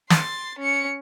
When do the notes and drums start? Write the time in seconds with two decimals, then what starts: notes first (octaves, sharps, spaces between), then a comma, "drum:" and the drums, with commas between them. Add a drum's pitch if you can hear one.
0.10 C6 A6, drum: snare
0.59 C#4 C#7